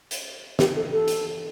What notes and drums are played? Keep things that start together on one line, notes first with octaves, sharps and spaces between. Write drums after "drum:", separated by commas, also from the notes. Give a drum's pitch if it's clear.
drum: hi-hat
G4, drum: snare
A4
A4
drum: hi-hat